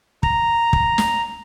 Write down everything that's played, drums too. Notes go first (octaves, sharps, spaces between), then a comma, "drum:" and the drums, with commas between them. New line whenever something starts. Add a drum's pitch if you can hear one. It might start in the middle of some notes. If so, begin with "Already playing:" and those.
A#5, drum: kick
drum: kick
drum: snare